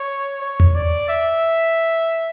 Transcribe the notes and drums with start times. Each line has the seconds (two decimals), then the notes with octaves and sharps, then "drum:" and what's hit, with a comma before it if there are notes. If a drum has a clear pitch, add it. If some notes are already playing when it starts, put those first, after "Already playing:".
Already playing: C#5
0.42 C#5
0.60 drum: tom E2
0.75 D5
1.09 E5